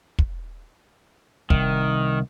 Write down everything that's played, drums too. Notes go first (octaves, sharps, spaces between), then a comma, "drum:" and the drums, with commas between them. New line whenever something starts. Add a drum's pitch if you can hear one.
drum: kick
C2 D#3, drum: kick